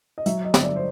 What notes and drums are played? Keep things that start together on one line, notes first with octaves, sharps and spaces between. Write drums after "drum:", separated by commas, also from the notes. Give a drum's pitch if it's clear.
D#5
F#3 E5, drum: hi-hat
D#5
G1, drum: snare
D5
C5